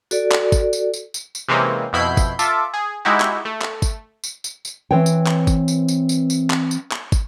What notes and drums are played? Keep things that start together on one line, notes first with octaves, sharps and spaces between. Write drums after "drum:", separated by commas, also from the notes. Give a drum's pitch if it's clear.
F#4 A4 D5, drum: tambourine
drum: clap
drum: kick, tambourine
drum: tambourine
drum: tambourine
drum: tambourine
drum: tambourine
C3 E3 G#3 A#3 C4 C#4
F2 B2 E4 B5 G6 C7
drum: kick, tambourine
F4 A4 E5 D6, drum: tambourine
G#4
G#3 D#4 E4 F#4 G4
drum: clap
A3
drum: clap
drum: kick, tambourine
drum: tambourine
drum: tambourine
drum: tambourine
E3 C4 B4 C#5 G5
drum: tambourine
drum: clap
drum: kick, tambourine
drum: tambourine
drum: tambourine
drum: tambourine
drum: tambourine
drum: clap
drum: tambourine
drum: clap
drum: kick, tambourine